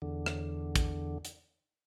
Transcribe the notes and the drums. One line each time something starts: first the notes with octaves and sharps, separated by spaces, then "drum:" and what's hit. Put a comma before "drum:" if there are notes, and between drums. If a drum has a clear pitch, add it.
E2 D3
drum: rim click
drum: kick, hi-hat
drum: hi-hat